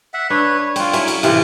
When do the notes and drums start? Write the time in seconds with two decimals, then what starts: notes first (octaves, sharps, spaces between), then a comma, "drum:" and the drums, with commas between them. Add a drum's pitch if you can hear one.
0.14 E5 F#5
0.30 D4 B4 C#5
0.58 C#5
0.76 C4 F4, drum: cymbal
0.93 F#3 C#4 E4, drum: cymbal
1.08 drum: cymbal
1.23 A2 C3 E3 F4, drum: cymbal